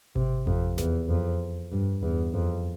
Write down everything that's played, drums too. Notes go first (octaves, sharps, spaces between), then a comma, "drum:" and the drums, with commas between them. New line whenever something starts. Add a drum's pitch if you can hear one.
C3, drum: kick G#1
F2, drum: kick G#1
E2, drum: snare
F2
G2
E2
F2